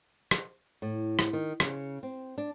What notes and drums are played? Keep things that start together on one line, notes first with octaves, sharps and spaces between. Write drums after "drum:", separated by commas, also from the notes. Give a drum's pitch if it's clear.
drum: rim click
A2
drum: rim click
D#3
C#3, drum: rim click
C4
D4